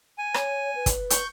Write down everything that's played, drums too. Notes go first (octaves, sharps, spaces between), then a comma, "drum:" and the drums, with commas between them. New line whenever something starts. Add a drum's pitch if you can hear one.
G#5
C#5, drum: rim click
B4
drum: kick, hi-hat
C#6 G6, drum: hi-hat